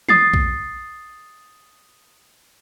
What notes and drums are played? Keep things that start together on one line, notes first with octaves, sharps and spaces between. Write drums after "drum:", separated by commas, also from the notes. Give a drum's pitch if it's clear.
D#6 A6 C7, drum: tom
drum: kick A#1